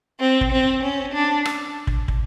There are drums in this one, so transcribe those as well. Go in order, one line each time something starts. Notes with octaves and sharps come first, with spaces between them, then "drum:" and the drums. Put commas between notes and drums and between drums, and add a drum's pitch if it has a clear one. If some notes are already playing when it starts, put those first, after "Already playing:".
C4
drum: kick
C4
C#4
D4
drum: rim click
drum: kick
drum: kick